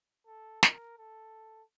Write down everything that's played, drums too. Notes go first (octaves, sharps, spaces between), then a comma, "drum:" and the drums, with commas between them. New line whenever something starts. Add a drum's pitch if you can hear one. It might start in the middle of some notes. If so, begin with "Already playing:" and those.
A4
A#4, drum: snare
A4